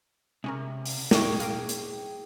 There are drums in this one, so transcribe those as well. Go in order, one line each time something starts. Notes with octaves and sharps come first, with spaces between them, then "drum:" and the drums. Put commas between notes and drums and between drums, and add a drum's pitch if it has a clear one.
C3 G#3 C#4 A#4
drum: open hi-hat
G#4 D5 G5 C#6, drum: snare
F5 A#5 D6, drum: hi-hat
drum: hi-hat